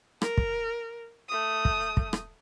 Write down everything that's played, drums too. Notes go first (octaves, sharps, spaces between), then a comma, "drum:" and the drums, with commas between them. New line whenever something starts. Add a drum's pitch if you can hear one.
A#4, drum: rim click
drum: kick
A3 D#6
drum: kick
drum: kick
drum: rim click